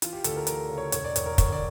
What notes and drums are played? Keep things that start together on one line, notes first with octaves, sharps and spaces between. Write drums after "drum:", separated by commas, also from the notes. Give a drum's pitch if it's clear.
E3 F4, drum: hi-hat
G4
D2 A4, drum: hi-hat
A#4
E3 A#4, drum: hi-hat
C#3
C#5
E1 C#5, drum: hi-hat
D5
E1 C#5, drum: hi-hat
A#4
D3 C#5, drum: kick, hi-hat
D5